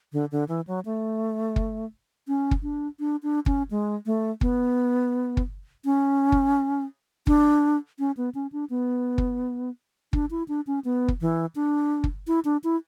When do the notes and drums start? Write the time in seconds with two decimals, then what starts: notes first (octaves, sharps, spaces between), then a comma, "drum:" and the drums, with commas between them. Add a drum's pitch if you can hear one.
0.13 D3
0.32 D3
0.48 E3
0.67 F#3
0.85 A3
1.56 drum: kick
2.28 C#4
2.51 drum: kick
2.63 D4
3.00 D4
3.23 D4
3.46 C#4, drum: kick
3.71 G#3
4.06 A3
4.41 B3, drum: kick
5.37 drum: kick
5.85 C#4
6.32 drum: kick
7.27 D4, drum: kick
7.99 C#4
8.17 B3
8.35 C#4
8.52 D4
8.70 B3
9.18 drum: kick
10.13 D4, drum: kick
10.31 E4
10.48 D4
10.67 C#4
10.85 B3
11.08 drum: kick
11.21 E3
11.55 D4
12.04 drum: kick
12.27 E4
12.45 D4
12.64 E4